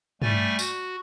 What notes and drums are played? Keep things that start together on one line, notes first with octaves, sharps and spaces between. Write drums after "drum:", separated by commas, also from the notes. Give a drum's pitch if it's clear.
G3 A3 G#5 C#6 A6, drum: tom
F#4, drum: tambourine